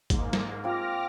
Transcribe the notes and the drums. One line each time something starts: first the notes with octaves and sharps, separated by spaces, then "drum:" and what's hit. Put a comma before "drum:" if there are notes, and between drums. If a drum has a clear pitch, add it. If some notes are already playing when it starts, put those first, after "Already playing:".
G#2 A#3, drum: kick, hi-hat
drum: snare
C4 F4 G4 D6 F6 A#6